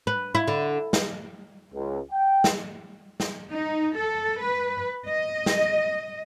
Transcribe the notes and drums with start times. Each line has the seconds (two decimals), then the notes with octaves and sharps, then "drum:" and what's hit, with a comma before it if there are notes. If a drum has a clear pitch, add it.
0.07 B4
0.35 E4
0.48 D3
0.93 drum: snare
1.74 C#2
2.11 G5
2.44 drum: snare
3.20 drum: snare
3.50 D#4
3.95 A4
4.41 B4
5.09 D#5
5.46 drum: snare